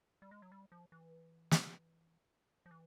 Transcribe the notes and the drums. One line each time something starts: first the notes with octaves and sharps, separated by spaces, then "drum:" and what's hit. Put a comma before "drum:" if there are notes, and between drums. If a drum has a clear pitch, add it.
G3
G#3
F#3
G3
F3
E3
drum: snare
F3
E3